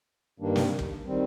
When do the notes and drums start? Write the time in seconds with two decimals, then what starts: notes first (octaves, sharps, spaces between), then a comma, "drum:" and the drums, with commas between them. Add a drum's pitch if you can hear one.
0.39 G2 D#3 G3 A#3 D4
0.56 drum: snare
0.79 drum: kick
1.07 D#3 G3 C4